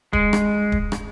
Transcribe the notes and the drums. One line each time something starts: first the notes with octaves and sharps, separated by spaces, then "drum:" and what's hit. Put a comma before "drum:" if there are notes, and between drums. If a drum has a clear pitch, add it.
G#3, drum: kick
drum: rim click
drum: kick
drum: rim click